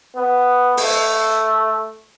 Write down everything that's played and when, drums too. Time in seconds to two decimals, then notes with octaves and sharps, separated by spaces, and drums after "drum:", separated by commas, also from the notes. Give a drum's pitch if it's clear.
0.16 B3
0.77 A3, drum: open hi-hat